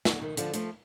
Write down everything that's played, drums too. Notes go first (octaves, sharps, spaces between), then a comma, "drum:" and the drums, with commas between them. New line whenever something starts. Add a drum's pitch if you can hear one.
D3, drum: snare
D#3
D3 F3, drum: hi-hat
F3 A3, drum: hi-hat